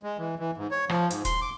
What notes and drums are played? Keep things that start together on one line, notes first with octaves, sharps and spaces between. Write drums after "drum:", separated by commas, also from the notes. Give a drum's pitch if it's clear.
G#3
E3
E3
G#2
C#5
F3, drum: rim click
G#2, drum: hi-hat
C6, drum: kick, hi-hat
D6